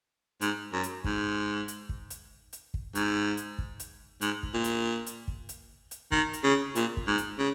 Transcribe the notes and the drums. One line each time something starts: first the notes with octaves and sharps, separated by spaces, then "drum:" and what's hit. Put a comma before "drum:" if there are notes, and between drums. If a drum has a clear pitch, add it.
G#2, drum: hi-hat
F#2
drum: hi-hat
G#2, drum: kick
drum: hi-hat
drum: kick
drum: hi-hat
drum: hi-hat
drum: kick
G#2, drum: hi-hat
drum: hi-hat
drum: kick
drum: hi-hat
G#2, drum: hi-hat
drum: kick
A#2
drum: hi-hat
drum: hi-hat
drum: kick
drum: hi-hat
drum: hi-hat
D#3, drum: kick
drum: hi-hat
C#3
A#2, drum: hi-hat
drum: kick
G#2
drum: hi-hat
C#3